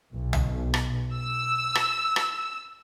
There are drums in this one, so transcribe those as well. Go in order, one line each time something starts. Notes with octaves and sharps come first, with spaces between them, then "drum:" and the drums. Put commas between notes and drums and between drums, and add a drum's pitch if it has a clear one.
B1
drum: tom
drum: rim click
E6
drum: rim click
drum: rim click